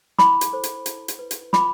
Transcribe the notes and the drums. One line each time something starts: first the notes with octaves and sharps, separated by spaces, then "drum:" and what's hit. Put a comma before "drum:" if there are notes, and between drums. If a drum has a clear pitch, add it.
E4 B5 D6, drum: snare
drum: hi-hat
A4 C5
drum: hi-hat
E4, drum: hi-hat
drum: hi-hat
B4
drum: hi-hat
F4 B5 D6, drum: snare